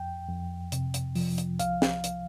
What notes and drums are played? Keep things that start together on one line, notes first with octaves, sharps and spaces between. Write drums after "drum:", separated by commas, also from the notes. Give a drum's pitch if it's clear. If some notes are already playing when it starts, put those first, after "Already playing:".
Already playing: F2 G5
F2
C3, drum: hi-hat
drum: hi-hat
F3, drum: open hi-hat
drum: hi-hat
C2 F5, drum: hi-hat
drum: snare
drum: hi-hat